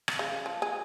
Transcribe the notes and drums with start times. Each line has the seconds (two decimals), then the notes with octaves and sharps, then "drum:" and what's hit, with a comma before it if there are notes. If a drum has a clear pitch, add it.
0.08 drum: rim click
0.19 C#3
0.46 F3
0.62 G#4